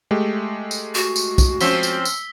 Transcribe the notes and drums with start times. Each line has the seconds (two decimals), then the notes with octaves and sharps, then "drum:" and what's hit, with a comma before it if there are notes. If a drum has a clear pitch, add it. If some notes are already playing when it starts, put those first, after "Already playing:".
0.11 G#3 A3 G4
0.71 drum: tambourine
0.95 F#4, drum: tambourine
1.16 drum: tambourine
1.38 drum: kick, tambourine
1.61 F3 C4 C#4 E6 B6 G7, drum: tambourine
1.83 drum: tambourine
2.05 drum: tambourine